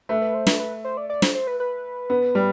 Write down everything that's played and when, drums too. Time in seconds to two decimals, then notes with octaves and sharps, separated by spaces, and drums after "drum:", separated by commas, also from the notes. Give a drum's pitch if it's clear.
0.09 A3 B4
0.22 B4
0.34 C5
0.47 B4, drum: snare
0.60 B4
0.84 C5
0.97 D5
1.10 D5
1.22 C5, drum: snare
1.35 C5
1.47 B4
1.60 B4
2.10 B3
2.35 G3